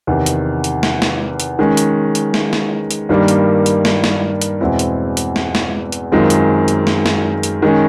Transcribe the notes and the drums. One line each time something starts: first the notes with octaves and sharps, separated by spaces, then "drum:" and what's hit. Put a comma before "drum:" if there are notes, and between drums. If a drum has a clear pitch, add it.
E2 C3 D#3
drum: hi-hat
drum: hi-hat
drum: snare
drum: snare
drum: hi-hat
D#3 G#3 C#4
drum: hi-hat
drum: hi-hat
drum: snare
drum: snare
drum: hi-hat
G2 D#3 G3 A#3
drum: hi-hat
drum: hi-hat
drum: snare
drum: snare
drum: hi-hat
E2 B2 G#3 C4 E4
drum: hi-hat
drum: hi-hat
drum: snare
drum: snare
drum: hi-hat
F#2 D#3 G#3 C4 F4
drum: hi-hat
drum: hi-hat
drum: snare
drum: snare
drum: hi-hat
D#3 G#3 C#4